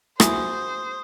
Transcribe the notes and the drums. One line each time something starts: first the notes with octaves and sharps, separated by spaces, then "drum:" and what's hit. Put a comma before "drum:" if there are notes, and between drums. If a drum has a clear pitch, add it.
E4 F#4 G#4 C5 D#6, drum: rim click